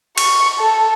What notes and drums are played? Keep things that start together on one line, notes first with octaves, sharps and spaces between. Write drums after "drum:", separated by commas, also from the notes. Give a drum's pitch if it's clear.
C#6, drum: cymbal
A4